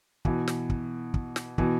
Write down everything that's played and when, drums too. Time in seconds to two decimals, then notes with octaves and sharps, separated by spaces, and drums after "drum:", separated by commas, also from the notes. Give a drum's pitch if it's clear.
0.25 B2 E3, drum: kick
0.48 drum: snare
0.70 drum: kick
1.14 drum: kick
1.36 drum: snare
1.58 B2 E3, drum: kick